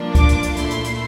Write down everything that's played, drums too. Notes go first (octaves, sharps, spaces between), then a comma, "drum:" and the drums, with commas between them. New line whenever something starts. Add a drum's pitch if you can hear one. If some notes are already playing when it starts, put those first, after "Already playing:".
Already playing: G2 F3 A#3 D4
D6, drum: kick C#2, hi-hat
drum: hi-hat
drum: hi-hat
A#2 A3 E4 C6, drum: hi-hat
drum: hi-hat
drum: hi-hat